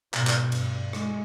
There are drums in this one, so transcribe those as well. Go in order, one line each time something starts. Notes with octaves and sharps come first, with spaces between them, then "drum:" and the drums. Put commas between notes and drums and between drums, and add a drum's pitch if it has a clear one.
G#2 B2, drum: clap
drum: clap
G2, drum: cymbal
G#3, drum: rim click